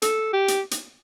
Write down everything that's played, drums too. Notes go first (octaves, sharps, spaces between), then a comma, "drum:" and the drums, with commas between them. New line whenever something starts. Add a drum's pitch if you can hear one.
A4, drum: hi-hat
G4
drum: hi-hat
drum: hi-hat